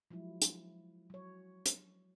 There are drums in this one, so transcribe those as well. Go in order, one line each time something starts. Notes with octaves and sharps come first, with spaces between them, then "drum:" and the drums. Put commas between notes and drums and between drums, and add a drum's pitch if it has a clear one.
F3 F#3 G#3 E4
drum: hi-hat
F#3 C#5
drum: hi-hat